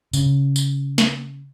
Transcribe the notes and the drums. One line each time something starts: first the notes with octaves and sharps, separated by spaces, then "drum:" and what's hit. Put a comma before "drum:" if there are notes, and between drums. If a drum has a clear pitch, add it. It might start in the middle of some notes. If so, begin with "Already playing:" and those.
C#3, drum: tambourine
drum: tambourine
drum: snare